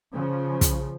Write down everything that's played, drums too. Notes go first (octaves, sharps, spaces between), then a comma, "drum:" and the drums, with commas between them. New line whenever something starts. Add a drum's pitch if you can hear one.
C#3 F3
drum: kick, hi-hat